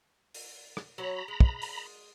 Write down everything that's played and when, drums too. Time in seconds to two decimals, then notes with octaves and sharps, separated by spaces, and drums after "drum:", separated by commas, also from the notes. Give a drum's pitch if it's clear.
0.34 drum: open hi-hat
0.77 drum: rim click
0.98 F#3 C#5 A#5 B5
1.28 G#3
1.40 drum: kick
1.62 drum: open hi-hat